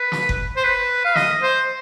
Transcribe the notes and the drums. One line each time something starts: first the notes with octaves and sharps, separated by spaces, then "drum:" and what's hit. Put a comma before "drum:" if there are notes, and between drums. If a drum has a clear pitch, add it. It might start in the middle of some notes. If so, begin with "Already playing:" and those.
Already playing: B4
drum: snare
drum: kick F#1
C5
B4
F5
D#5, drum: snare
C5